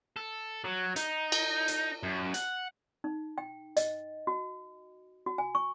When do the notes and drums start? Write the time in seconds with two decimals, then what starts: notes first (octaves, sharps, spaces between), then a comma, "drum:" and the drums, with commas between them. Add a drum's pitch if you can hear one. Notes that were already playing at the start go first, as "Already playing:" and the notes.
0.16 A4
0.64 F#3
0.96 D#4, drum: hi-hat
1.32 drum: cymbal
1.68 drum: hi-hat
2.03 F#2
2.34 F#5, drum: hi-hat
3.04 D#4
3.38 G5
3.77 D#5, drum: hi-hat
4.27 F#4
5.26 F#4
5.38 G#5
5.55 C#6